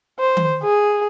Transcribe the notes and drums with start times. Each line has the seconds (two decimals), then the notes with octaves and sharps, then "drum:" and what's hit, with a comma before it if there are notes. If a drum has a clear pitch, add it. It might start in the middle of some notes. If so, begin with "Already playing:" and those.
0.19 C5
0.37 drum: tom D#3
0.63 G#4